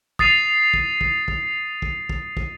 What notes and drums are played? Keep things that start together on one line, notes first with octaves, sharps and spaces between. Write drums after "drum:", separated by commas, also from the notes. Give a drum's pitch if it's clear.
D#6 A6 C7 D#7 F7, drum: kick
drum: kick
drum: kick
drum: kick
drum: kick
drum: kick
drum: kick